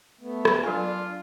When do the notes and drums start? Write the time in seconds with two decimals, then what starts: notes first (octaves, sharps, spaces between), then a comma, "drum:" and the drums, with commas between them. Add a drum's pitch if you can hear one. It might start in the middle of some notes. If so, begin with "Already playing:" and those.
0.21 A3 B3
0.45 drum: rim click
0.63 F#3 D4 F4 G#5